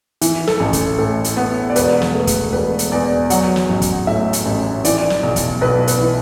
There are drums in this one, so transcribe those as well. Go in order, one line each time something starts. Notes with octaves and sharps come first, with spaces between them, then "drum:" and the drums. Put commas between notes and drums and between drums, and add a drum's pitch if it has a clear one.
E3, drum: hi-hat
A4, drum: snare
A1
drum: kick, hi-hat
A2 A4
drum: hi-hat
B3
D5
E1 B4, drum: hi-hat
drum: snare
A3
drum: kick, hi-hat
E1 B4
drum: hi-hat
E2 D5
F#3 F#5, drum: hi-hat
drum: snare
A1
drum: kick, hi-hat
A2 E5
drum: hi-hat
A1
E3 D5, drum: hi-hat
drum: snare
B1
drum: kick, hi-hat
B1 B4
B4, drum: hi-hat
E3